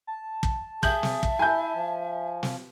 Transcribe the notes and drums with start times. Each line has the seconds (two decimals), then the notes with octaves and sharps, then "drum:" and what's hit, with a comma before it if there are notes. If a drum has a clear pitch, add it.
0.07 A5
0.43 drum: kick
0.83 G#4 E5 G6 F#7, drum: kick
1.03 drum: snare
1.23 drum: kick
1.39 E4 G#5 G6
1.75 F3
2.43 drum: snare